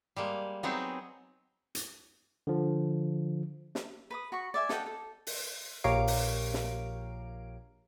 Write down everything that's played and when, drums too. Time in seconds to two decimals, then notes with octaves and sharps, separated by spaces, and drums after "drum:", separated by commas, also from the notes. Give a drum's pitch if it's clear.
0.16 G3 G#3 A#3
0.63 F#3 B3 C4 D#4 F#4 G#4
1.75 drum: hi-hat
2.47 D3 F3
3.75 drum: snare
4.10 B4 B5 D#6
4.32 F#4 B5 C#6
4.54 D5 E5 G#5
4.69 A4 D#5 F#5 G5, drum: snare
4.86 A4
5.27 drum: open hi-hat
5.84 A#1 G4 A#4 C#5 F5 D7
6.07 drum: open hi-hat
6.54 drum: snare